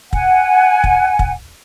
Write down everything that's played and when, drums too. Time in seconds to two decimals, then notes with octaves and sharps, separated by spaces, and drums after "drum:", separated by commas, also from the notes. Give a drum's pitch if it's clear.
0.13 F#5 G#5, drum: kick
0.84 drum: kick
1.19 drum: kick